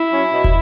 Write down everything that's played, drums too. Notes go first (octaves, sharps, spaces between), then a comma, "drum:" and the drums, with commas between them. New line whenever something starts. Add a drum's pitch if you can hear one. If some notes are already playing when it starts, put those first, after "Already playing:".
Already playing: E4
F#3 C#4
B2
drum: kick